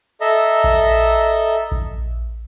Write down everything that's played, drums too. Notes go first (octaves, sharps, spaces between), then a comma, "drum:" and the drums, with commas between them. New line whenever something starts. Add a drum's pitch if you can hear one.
A4 D#5 E5 A#5
drum: kick A#1
drum: kick A#1